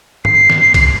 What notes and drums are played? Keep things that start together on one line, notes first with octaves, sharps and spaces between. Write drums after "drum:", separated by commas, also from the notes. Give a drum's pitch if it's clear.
C7, drum: tom
drum: snare
drum: kick C2, cymbal